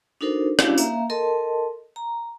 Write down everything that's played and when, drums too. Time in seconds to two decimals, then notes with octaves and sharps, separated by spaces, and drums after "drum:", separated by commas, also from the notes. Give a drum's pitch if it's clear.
0.21 D4 D#4 F#4 A4 A#4 C5
0.59 C#4 D4 E4 F#4 G4 F5, drum: rim click
0.78 A#3 E5 F5 A#5, drum: tambourine
1.10 A4 A#4 D#5 A5 C6
1.96 A#5